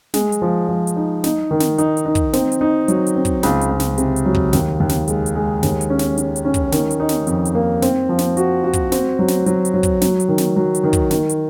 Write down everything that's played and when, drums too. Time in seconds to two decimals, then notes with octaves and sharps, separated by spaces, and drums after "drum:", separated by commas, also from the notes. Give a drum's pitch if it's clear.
0.14 G#3, drum: snare
0.32 drum: hi-hat
0.42 F3
0.69 F3
0.87 drum: hi-hat
0.96 D#4
1.24 D#4, drum: snare
1.51 D#3
1.60 drum: snare
1.78 D#4, drum: hi-hat
1.97 drum: hi-hat
2.06 D#4
2.15 drum: kick, hi-hat
2.33 C4, drum: snare
2.52 drum: hi-hat
2.61 D#4
2.88 F#3, drum: hi-hat
3.07 drum: hi-hat
3.16 C4
3.25 drum: kick, hi-hat
3.43 C#2, drum: snare
3.61 drum: hi-hat
3.71 C#2
3.80 drum: snare
3.98 C3, drum: hi-hat
4.16 drum: hi-hat
4.25 F#3
4.35 drum: kick
4.53 D#2, drum: snare
4.80 D#2
4.89 drum: snare
5.08 G#3, drum: hi-hat
5.26 drum: hi-hat
5.35 G#3
5.63 D#2, drum: snare
5.81 drum: hi-hat
5.90 C#4
5.99 drum: snare
6.17 C#4, drum: hi-hat
6.36 drum: hi-hat
6.45 C#4
6.54 drum: kick, hi-hat
6.72 D#3, drum: snare
6.91 drum: hi-hat
7.00 D#4
7.09 drum: snare
7.27 F2, drum: hi-hat
7.45 drum: hi-hat
7.55 A#3
7.82 C4, drum: snare
8.09 F3
8.19 drum: snare
8.37 F#4, drum: hi-hat
8.64 F#4
8.73 drum: kick, hi-hat
8.92 C4, drum: snare
9.19 F#3
9.28 drum: snare
9.46 F#3, drum: hi-hat
9.65 drum: hi-hat
9.74 F#3
9.83 drum: kick, hi-hat
10.01 F#3, drum: snare
10.20 drum: hi-hat
10.29 D#3
10.38 drum: snare
10.56 F#3
10.75 drum: hi-hat
10.84 D#3
10.93 drum: kick, hi-hat
11.11 D#3, drum: snare
11.29 drum: hi-hat